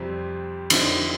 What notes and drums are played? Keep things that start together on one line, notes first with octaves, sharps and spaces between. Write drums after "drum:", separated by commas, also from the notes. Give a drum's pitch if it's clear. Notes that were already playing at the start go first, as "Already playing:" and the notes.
Already playing: F2 C3 G3 C4
F2 D3 F3 C4 D#4, drum: cymbal